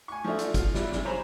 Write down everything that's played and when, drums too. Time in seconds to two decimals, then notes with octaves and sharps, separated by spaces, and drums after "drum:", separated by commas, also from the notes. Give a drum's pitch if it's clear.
0.08 G#5 C#6
0.24 F3 A3 D4 E5
0.39 drum: hi-hat
0.54 F4, drum: kick, hi-hat
0.74 B2 G3 E4 D5, drum: snare
0.92 C3 E3, drum: snare
1.05 C5 C#5 G#5 A#5 B5